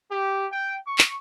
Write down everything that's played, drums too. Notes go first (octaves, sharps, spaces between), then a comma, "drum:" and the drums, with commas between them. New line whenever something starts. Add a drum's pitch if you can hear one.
G4
G5
C#6
drum: clap